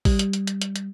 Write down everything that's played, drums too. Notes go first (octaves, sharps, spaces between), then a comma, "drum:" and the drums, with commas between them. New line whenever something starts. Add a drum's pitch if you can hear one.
G3, drum: kick A1, open hi-hat
drum: hi-hat
drum: hi-hat
drum: hi-hat
drum: hi-hat
drum: hi-hat